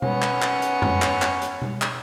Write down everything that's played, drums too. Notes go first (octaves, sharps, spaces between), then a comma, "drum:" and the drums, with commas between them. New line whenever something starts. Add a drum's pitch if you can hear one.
B3 C#4 F#5, drum: tom B2
drum: clap
drum: clap
drum: hi-hat
drum: tom F2
drum: clap
drum: clap
drum: hi-hat
drum: tom B2
drum: clap